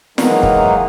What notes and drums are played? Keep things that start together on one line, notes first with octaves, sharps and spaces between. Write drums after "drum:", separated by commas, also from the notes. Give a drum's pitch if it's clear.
D#3 E3 F#3 G#3 A#3 D#4, drum: snare
drum: kick